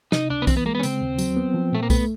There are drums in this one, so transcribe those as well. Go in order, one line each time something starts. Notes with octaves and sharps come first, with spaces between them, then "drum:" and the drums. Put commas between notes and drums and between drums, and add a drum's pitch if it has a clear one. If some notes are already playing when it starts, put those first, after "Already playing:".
C3 D#4, drum: snare
C#2 D4
B3
E3 C4, drum: kick B1, tambourine
B3
G#3 A#3
B3
C#4
C#3 C4, drum: tambourine
D#2
F#3, drum: tambourine
B3
F3
A#2 A3
A#3
A3 B3, drum: kick B1, tambourine